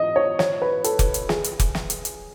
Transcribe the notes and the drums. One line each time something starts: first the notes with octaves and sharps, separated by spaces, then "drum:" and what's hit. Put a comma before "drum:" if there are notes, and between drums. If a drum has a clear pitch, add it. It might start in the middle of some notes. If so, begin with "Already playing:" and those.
Already playing: D#5
C#5
C#5, drum: snare
B4
A4, drum: hi-hat
drum: kick F1, hi-hat
drum: hi-hat
G#4, drum: snare
drum: hi-hat
drum: kick F1, hi-hat
drum: snare
drum: hi-hat
drum: hi-hat